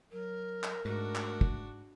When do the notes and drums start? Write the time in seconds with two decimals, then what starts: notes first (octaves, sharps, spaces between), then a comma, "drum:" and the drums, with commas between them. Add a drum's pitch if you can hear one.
0.12 F#3 A#4
0.63 drum: clap
0.85 G#2 A3 D4 F#4
1.15 drum: clap
1.41 drum: kick